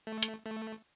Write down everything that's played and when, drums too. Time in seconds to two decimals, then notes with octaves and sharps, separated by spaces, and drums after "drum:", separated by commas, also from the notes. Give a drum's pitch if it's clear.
0.07 A3
0.23 drum: hi-hat
0.46 A3